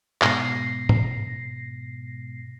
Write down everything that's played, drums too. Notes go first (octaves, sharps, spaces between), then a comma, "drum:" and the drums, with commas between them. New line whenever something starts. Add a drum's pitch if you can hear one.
G#2 B2 A#6 C7, drum: clap
drum: tom